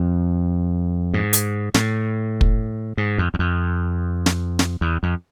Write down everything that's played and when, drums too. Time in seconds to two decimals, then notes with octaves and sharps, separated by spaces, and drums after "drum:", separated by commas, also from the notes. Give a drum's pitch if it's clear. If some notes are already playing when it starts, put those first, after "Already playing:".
Already playing: F2
1.14 G#2
1.33 drum: hi-hat
1.74 A2, drum: snare
2.41 drum: kick
2.98 G#2
3.18 F2
3.34 E2
3.39 F2
4.26 drum: snare
4.59 drum: snare
4.81 E2
5.03 F2